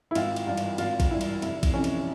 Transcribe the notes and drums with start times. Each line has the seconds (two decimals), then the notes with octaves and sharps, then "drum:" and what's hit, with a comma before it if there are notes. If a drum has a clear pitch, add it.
0.11 E4
0.15 G#1 F4, drum: cymbal
0.36 drum: cymbal
0.47 G2 E3 F4
0.57 drum: cymbal
0.78 G#1 F4, drum: cymbal
1.00 drum: kick A#1, cymbal
1.10 G2 E3 E4
1.21 drum: cymbal
1.42 F1 E4, drum: cymbal
1.63 drum: kick A#1, cymbal
1.74 F2 C3 E3 C#4
1.84 drum: cymbal